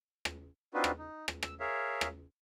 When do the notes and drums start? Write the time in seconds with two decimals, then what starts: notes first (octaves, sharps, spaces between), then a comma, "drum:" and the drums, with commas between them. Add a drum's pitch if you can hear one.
0.25 drum: rim click
0.74 C4 D4 D#4 F4 F#4 B4
0.84 drum: rim click
0.99 D#4
1.28 drum: rim click
1.43 E6, drum: rim click
1.60 G#4 A#4 C#5 E5 F5
2.01 drum: rim click